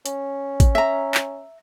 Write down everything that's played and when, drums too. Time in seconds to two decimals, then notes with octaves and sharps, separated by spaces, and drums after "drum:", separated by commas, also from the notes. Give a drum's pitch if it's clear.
0.06 C#4, drum: hi-hat
0.60 drum: kick, hi-hat
0.75 E5 A#5
1.14 drum: clap